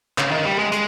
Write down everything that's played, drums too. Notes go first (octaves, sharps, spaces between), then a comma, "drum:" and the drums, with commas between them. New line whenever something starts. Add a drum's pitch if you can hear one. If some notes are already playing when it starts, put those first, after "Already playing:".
C#3, drum: clap
D#3
G3
G#3
G#3, drum: hi-hat